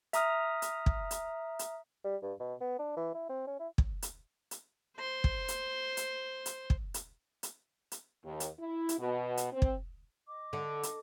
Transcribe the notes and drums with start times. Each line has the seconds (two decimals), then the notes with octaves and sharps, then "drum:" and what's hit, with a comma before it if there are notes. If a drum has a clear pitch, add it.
0.13 E5 A#5 D#6 F6, drum: hi-hat
0.62 drum: hi-hat
0.86 drum: kick
1.11 drum: hi-hat
1.59 drum: hi-hat
2.04 G3
2.22 G2
2.40 B2
2.61 B3
2.79 D4
2.97 E3
3.14 E4
3.29 C4
3.47 C#4
3.60 E4
3.78 drum: kick
4.02 drum: hi-hat
4.51 drum: hi-hat
4.97 C5 C6
5.24 drum: kick
5.48 drum: hi-hat
5.97 drum: hi-hat
6.46 drum: hi-hat
6.70 drum: kick
6.94 drum: hi-hat
7.43 drum: hi-hat
7.92 drum: hi-hat
8.25 D#2
8.40 drum: hi-hat
8.59 E4
8.89 drum: hi-hat
8.99 B2
9.37 drum: hi-hat
9.52 C4
9.62 drum: kick
10.27 D#5 D6
10.53 D3
10.83 drum: hi-hat